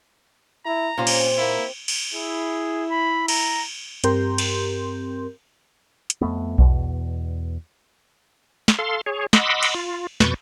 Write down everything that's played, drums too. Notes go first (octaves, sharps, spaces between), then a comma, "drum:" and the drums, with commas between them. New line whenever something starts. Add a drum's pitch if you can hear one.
E4 A#5
A#2 C4 C#4 F4 G4
drum: cymbal
A#3 E4
drum: cymbal
E4 G#4
B5
A#5, drum: cymbal
G2 C4 G4 A#4 C6 G6, drum: hi-hat
drum: cymbal
drum: hi-hat
F2 A3 B3
E2 B2, drum: kick B1
drum: snare
A4 F5 C6
G#4 C#5
D#5 F#5 B5 C6 D6 E6, drum: snare
drum: cymbal
F4
F2 B2 B4 C#6 G6 A6, drum: snare